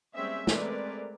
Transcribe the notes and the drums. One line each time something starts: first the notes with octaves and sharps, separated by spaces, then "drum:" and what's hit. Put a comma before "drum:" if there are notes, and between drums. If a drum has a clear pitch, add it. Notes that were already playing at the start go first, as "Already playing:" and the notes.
G3 G#3 A#3 C4 C#4 E5
G#3 A3 C4 A#4 B4 D5, drum: snare